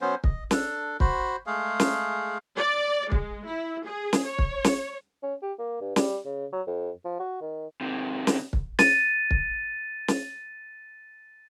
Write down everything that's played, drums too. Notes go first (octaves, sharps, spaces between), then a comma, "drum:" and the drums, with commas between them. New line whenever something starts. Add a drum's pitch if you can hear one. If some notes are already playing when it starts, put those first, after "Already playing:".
F#3 B3 C#4 C5
D#5, drum: kick
D4 A4, drum: snare
F#4 C5 B5, drum: kick
G#3 A3 G#4 F5
drum: snare
D5
G#3, drum: kick
E4
G#4
drum: snare
C#5
drum: kick
drum: snare
C#4
G4
A#3
G2
G3, drum: snare
C#3
F#3
F2
F3
F#4
D#3
C3 D#3
drum: snare
drum: kick
A6 D#7, drum: snare
drum: kick
drum: snare